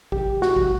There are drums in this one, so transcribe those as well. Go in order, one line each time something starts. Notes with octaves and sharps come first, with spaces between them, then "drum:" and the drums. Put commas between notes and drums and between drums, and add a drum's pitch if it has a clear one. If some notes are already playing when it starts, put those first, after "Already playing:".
G4, drum: kick G#1
F#4, drum: snare
drum: kick G#1